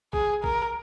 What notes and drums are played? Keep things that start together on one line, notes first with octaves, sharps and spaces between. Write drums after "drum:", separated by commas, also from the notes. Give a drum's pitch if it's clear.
G#4, drum: kick
A#4, drum: kick